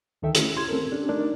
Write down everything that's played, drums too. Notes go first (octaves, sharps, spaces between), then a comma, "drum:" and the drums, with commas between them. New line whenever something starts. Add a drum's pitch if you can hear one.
D2 D#3 A4 E5 G5
A3 C#4 E4, drum: hi-hat
E4 G4 C6 G#6
A3 C4 C#4 A4 A#4
C#4 D4 G4
A3 D4 D#4 A#4 D5